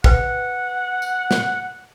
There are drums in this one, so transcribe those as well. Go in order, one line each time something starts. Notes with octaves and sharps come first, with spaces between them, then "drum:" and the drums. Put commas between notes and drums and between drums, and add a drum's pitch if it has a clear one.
B4 F#5 G5, drum: kick
drum: tambourine
drum: snare